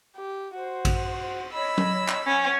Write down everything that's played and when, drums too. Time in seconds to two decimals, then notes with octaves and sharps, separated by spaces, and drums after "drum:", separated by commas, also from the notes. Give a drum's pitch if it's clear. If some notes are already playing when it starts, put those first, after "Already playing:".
0.16 G4
0.54 F#4 C5
0.85 drum: kick A1, cymbal
1.53 C#5 D#5 B5 E6
1.78 drum: tom F#3
2.08 drum: clap
2.26 C#4 F#5 G#5